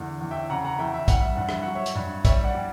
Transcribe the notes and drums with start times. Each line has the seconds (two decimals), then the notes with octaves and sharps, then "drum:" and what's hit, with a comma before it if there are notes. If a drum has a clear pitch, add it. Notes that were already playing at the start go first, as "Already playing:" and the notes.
Already playing: E2 D3
0.21 E2
0.31 E5 G5
0.50 C#3 F#5 A#5
0.65 F#5 A#5
0.79 E2 E5 G5
0.94 E5
1.08 G3 F#5, drum: kick, hi-hat
1.21 E5
1.35 G2 F#5
1.49 E5, drum: rim click
1.62 F#3 F#5
1.75 C#5 E5
1.86 drum: hi-hat
1.95 G2
2.25 G3 C#5 E5, drum: kick, hi-hat
2.44 D5 F#5
2.54 G3